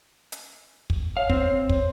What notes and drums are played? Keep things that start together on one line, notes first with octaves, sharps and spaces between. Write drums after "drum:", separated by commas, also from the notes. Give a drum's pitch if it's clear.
drum: hi-hat
drum: kick
C#5 F5
C4, drum: kick
drum: kick